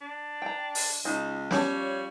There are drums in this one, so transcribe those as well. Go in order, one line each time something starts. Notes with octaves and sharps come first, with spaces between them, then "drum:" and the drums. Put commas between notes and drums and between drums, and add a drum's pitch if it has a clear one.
D4
G5 A#5
drum: open hi-hat
C#2 D#4 D#5
F3 G3 C#4 C#5 A5, drum: snare